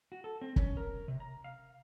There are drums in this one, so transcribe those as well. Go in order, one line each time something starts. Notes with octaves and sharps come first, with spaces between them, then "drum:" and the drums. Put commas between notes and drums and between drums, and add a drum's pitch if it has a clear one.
F#4
A4
C4
C#4, drum: kick
A#4
C3
A#5
F5